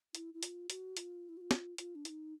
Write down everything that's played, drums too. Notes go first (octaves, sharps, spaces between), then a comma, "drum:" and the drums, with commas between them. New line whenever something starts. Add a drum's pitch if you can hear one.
E4, drum: hi-hat
E4
F4, drum: hi-hat
F#4, drum: hi-hat
F4, drum: hi-hat
E4
F#4
F4
drum: snare
F4, drum: hi-hat
D4
E4, drum: hi-hat
D#4